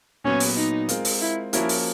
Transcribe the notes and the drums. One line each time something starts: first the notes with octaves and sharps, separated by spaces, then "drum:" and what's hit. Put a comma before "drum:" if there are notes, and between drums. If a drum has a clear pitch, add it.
A#2 F#3 B3 C#4
drum: open hi-hat
D#4
G#3 C4 F4 A#4, drum: hi-hat
drum: open hi-hat
E4
F3 A#3 C#4 E4 F#4 A#4, drum: hi-hat
drum: open hi-hat